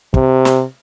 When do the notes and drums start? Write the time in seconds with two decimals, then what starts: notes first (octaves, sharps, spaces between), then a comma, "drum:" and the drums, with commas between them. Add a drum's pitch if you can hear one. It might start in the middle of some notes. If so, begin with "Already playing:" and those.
0.14 C3, drum: kick
0.45 drum: snare